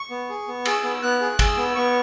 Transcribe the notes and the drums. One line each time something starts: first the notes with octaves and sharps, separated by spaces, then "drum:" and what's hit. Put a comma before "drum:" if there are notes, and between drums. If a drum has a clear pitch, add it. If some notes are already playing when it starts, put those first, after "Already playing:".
Already playing: C#6
B3
G#4
B3
G#4 E6, drum: cymbal
B3
B3 F#6
G#4
G#4 E6, drum: kick, cymbal
B3
B3 C#6